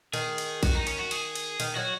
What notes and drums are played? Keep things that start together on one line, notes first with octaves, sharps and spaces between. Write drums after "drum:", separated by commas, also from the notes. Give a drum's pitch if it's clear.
D#3 G#4, drum: cymbal
drum: cymbal
F#4, drum: kick A1, cymbal
D#4
C#4, drum: cymbal
F#4
G#4, drum: cymbal
drum: cymbal
D#3, drum: cymbal
F#3 F#4